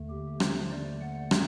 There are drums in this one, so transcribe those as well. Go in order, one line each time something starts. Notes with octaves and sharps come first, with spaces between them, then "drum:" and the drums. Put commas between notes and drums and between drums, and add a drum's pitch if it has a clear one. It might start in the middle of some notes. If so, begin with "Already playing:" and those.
Already playing: D#2 D3 A3
G4
C5, drum: rim click
D5
F#5
drum: rim click